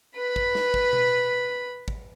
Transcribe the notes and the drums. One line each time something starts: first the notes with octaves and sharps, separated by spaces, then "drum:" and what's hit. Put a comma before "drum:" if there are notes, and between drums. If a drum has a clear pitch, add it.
B4 B5
drum: kick
drum: snare
drum: kick
drum: tom B2
drum: kick